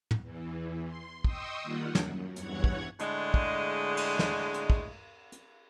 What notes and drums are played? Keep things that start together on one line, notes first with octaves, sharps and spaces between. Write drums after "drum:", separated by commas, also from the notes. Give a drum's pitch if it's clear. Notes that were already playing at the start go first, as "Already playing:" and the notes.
drum: tom
E2 E3
C6
D#5 G5 C6 C#6 D#6 E6, drum: kick
D#3 G3 A#3 F4 F#5
F#2, drum: snare
E2 G2 E3 C#5 F#5 G#6, drum: hi-hat
drum: kick
A2 D3 G#3, drum: hi-hat
drum: kick
drum: cymbal
drum: snare
drum: hi-hat
drum: kick
drum: hi-hat